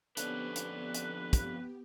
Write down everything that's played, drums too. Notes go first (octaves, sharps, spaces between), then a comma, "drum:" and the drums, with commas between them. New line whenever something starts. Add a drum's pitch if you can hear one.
F2 D3 B3 C#4 D4 G4 B4, drum: hi-hat
drum: hi-hat
drum: hi-hat
drum: kick, hi-hat